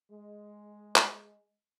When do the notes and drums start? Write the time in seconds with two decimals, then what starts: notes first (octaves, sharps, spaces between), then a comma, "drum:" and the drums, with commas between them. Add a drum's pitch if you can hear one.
0.11 G#3
0.96 drum: clap